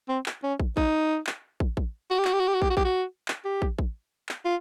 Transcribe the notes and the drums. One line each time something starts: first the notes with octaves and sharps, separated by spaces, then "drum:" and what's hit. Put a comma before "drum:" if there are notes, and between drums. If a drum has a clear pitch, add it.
C4
drum: clap
C#4
drum: kick
D#4, drum: kick
drum: clap
drum: kick
drum: kick
F#4
G4
F#4, drum: clap
G4
F#4
G4
F#4
G4, drum: kick
F#4
G4, drum: kick
F#4
drum: clap
G4
drum: kick
drum: kick
drum: clap
F4